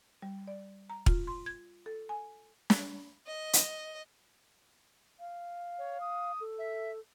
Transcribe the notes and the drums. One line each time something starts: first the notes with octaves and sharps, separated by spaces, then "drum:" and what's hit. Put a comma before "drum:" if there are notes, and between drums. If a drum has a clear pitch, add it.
G3
D5
A#5
F4, drum: kick
C6
G#6
A4
G#5
drum: snare
D#5
drum: hi-hat
F5
C#5
D#6
A4
E5